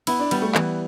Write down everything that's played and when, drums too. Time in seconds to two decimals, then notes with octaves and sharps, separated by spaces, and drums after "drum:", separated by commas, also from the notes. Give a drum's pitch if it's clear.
0.07 B3 E4, drum: cymbal
0.20 D4
0.31 G3 B3, drum: cymbal
0.42 A3
0.55 E3 B3, drum: clap